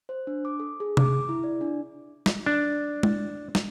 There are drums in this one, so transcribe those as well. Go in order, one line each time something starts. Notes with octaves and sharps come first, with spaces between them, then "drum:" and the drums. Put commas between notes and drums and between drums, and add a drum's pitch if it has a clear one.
C5
D4
D6
A4
G#4
D6, drum: tom C3
E4
D5
D4
drum: snare
D4
drum: tom G#3
drum: snare